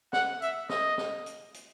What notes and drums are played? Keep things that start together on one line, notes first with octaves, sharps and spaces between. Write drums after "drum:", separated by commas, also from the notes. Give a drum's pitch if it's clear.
F#5, drum: snare
E5, drum: hi-hat
D#5, drum: snare
drum: snare
drum: hi-hat
drum: hi-hat